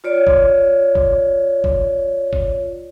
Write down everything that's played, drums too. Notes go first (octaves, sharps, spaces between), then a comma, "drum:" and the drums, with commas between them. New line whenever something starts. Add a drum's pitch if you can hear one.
F4 C#5 D5
drum: kick G1
drum: kick G1
drum: kick G1
drum: kick G1